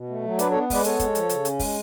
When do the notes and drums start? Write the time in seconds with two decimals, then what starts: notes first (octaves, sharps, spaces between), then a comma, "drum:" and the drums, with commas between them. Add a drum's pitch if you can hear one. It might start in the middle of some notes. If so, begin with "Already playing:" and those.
Already playing: B2
0.09 A3
0.24 F#3
0.39 D4 B4 D5, drum: hi-hat
0.51 B3 A4 C#5
0.70 G#3 B4 D5, drum: kick, open hi-hat
0.84 B3 A4 C#5, drum: hi-hat
0.99 G#3, drum: kick, hi-hat
1.15 F3, drum: hi-hat
1.29 C#3, drum: hi-hat
1.45 C#4, drum: hi-hat
1.59 G#3, drum: kick, open hi-hat